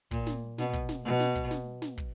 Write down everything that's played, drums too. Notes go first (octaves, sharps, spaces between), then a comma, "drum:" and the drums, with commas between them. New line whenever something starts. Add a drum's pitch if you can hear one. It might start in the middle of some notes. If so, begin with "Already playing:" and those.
A#2, drum: kick
drum: snare
B2, drum: snare
drum: kick
drum: snare
B2
drum: snare
drum: kick
drum: snare
drum: snare
drum: kick